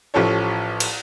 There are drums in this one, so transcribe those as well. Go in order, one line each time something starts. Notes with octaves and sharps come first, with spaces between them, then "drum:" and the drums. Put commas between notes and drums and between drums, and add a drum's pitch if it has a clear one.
A1 F3 G4 A4 C#5
drum: cymbal